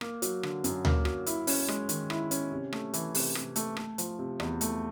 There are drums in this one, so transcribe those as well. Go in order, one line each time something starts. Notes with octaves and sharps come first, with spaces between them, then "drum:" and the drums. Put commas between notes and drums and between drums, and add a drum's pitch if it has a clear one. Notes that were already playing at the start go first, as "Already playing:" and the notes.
A#3, drum: rim click
F#3, drum: hi-hat
D3, drum: rim click
F#2, drum: hi-hat
A#3, drum: tom D2
F#3, drum: rim click
E4, drum: hi-hat
C#4, drum: open hi-hat
G#3, drum: rim click
D#3, drum: hi-hat
E4, drum: rim click
C#4, drum: hi-hat
C3
A3, drum: rim click
E3, drum: hi-hat
C3, drum: open hi-hat
C3, drum: rim click
A3, drum: hi-hat
A3, drum: rim click
F3, drum: hi-hat
C3
E2, drum: rim click
A3, drum: hi-hat